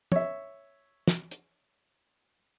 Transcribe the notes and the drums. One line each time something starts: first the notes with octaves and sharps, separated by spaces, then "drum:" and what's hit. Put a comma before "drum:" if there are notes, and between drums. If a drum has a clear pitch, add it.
C#5 E5, drum: tom
drum: snare
drum: hi-hat